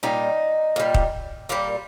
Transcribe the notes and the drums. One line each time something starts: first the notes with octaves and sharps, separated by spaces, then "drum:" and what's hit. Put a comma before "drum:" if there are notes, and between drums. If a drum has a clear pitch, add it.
A#2 G3 D#4
A#2 G3
drum: kick
A#2 G3 A#3